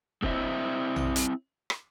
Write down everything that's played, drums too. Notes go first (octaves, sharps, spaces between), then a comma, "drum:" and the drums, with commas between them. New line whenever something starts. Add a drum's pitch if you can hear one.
G#3 A#3 C4 E4 D#5 E5, drum: kick
drum: tom A#1
drum: hi-hat
drum: rim click